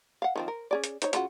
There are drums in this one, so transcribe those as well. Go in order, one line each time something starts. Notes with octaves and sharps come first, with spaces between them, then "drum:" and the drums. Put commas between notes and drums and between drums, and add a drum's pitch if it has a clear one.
F5 F#5
D#3 F3 C4
A#4
C#4 G#4 D5
drum: hi-hat
D#4 C5 C#5, drum: hi-hat
C#3 F4 F#4, drum: hi-hat